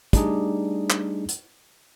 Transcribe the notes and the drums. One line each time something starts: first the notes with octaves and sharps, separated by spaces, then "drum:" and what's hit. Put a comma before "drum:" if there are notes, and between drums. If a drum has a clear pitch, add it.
G3 A3 D4 D#4 G#4, drum: kick, hi-hat
drum: clap
drum: hi-hat